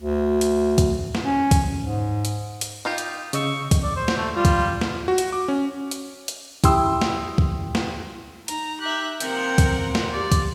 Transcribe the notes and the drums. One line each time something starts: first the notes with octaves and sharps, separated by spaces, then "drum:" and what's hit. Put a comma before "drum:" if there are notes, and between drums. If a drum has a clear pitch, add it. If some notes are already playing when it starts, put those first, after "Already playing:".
D2
drum: hi-hat
drum: kick, hi-hat
drum: snare
C#4
drum: kick, hi-hat
G#2
drum: hi-hat
drum: hi-hat
D#4 F4 G4
drum: hi-hat
C#3 D#5 C#6 E6, drum: hi-hat
drum: kick, hi-hat
D5
C5
drum: snare
A3
G3 F4
drum: kick, hi-hat
drum: snare
F#4
drum: hi-hat
D6
C#4
drum: hi-hat
drum: hi-hat
E4 G4 G5 C6 D#6 E6, drum: kick, hi-hat
drum: snare
drum: kick
drum: snare
D#4 A#5, drum: hi-hat
G4 E5 F#6
C3 F3 A#3 C4 A#4 F#5 G5, drum: hi-hat
drum: kick, hi-hat
drum: snare
G4 D5
drum: kick, hi-hat